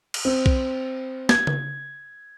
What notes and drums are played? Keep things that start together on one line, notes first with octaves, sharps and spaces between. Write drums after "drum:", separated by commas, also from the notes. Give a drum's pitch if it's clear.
drum: cymbal
C4
drum: kick B1
G#6, drum: snare
drum: tom C#3